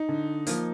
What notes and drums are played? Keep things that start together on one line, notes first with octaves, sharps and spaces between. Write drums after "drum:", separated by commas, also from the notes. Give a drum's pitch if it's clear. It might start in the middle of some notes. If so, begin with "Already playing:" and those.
Already playing: D#4
D3
F3 A#3, drum: hi-hat